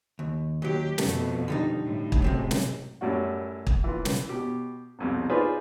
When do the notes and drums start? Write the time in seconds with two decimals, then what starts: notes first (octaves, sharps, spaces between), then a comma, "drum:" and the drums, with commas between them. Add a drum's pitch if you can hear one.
0.19 D#2
0.62 D#2 F#3 G4
0.98 F2 B2 A3, drum: snare
1.48 D3 G3 D#4
1.83 A2
2.12 drum: kick
2.22 F#2 C3 G#3
2.51 drum: snare
3.01 F#2 A2 G3 F#4
3.67 drum: kick
3.84 E3 F4
4.05 drum: snare
4.29 B2 G4
4.99 C2 F2 B2
5.29 D#4 F4 G#4 B4 C5 D5